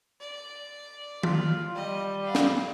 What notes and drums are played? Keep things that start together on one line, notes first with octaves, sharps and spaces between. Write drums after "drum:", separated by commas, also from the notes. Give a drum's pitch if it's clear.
D5
F4, drum: tom D#3
G3 D#5
F5 F#5
drum: snare